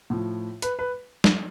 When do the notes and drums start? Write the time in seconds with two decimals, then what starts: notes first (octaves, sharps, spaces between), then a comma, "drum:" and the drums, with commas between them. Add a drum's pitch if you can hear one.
0.10 A2 F3
0.62 B4, drum: hi-hat
0.79 B4
1.24 drum: snare